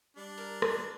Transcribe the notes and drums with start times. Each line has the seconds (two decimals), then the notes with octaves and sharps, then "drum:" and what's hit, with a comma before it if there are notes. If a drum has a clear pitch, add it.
0.17 G3 D4
0.38 A#4
0.62 drum: rim click